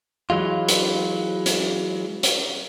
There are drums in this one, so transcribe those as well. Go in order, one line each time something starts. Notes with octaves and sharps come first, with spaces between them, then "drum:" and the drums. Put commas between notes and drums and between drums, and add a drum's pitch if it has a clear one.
E3 F#3 G#3 F4
drum: hi-hat
drum: hi-hat
drum: hi-hat